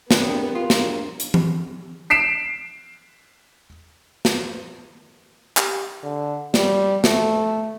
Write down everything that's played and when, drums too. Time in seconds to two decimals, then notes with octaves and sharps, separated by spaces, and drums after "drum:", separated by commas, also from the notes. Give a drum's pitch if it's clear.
0.11 B3 C4 D4 G4 G#4 A#4, drum: snare
0.55 F4
0.70 drum: snare
1.20 drum: hi-hat
1.34 drum: tom E3
2.10 B6 C7 D7 E7
4.25 drum: snare
5.57 G4, drum: clap
6.03 D3
6.54 G3, drum: snare
7.04 A3, drum: snare